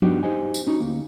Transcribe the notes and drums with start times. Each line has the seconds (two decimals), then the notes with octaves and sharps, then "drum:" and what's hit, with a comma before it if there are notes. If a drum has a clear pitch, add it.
0.02 G2 B3 D4 D#4 F#4 G4, drum: tom F3
0.23 D#4 G4 C5 D#5 G#5
0.54 drum: tambourine
0.67 C#4 D#4 F#4
0.80 D2 A#3